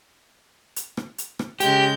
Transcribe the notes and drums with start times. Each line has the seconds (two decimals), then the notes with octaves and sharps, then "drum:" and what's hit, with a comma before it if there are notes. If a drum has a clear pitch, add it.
0.76 drum: hi-hat
0.97 drum: rim click
1.18 drum: hi-hat
1.39 drum: rim click
1.60 C#3 G#3 G4 G6, drum: hi-hat